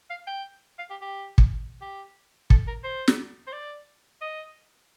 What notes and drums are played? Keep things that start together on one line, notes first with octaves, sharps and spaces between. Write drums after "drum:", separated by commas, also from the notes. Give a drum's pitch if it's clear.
F5
G5
F5
G4
G4
drum: kick
G4
A4, drum: kick
A#4
C5
drum: snare
C5
D5
D#5